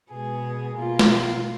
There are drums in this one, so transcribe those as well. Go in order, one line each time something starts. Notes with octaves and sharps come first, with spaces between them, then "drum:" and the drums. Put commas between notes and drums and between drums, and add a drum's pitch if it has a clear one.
B2 G#3 B3 G#4
B2 A#3 F4
drum: snare